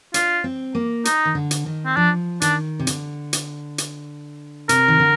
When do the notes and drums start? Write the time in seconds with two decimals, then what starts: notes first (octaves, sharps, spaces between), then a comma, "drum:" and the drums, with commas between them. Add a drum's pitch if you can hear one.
0.14 D4 F4, drum: hi-hat
0.44 C4
0.75 A#3
1.05 D#4, drum: hi-hat
1.25 D#3
1.35 D3
1.51 drum: hi-hat
1.66 D#3
1.86 C4
1.96 F3 D4
2.41 D#3 D4, drum: hi-hat
2.79 C3
2.87 D3, drum: hi-hat
3.33 drum: hi-hat
3.78 drum: hi-hat
4.69 C3 A#4, drum: hi-hat
4.88 D#3
5.00 D3